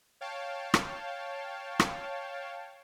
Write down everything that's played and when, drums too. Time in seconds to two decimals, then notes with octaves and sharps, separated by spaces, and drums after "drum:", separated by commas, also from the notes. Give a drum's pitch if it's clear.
0.21 C#5 F5 G5 A5
0.74 drum: rim click
1.80 drum: rim click